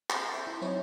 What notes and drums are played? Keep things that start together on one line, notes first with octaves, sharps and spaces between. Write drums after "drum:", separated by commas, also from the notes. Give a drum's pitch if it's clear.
G#5 B5, drum: clap
C5 E5 C6 D6 G6
E4
F#3 C4 D#4 E4 C#5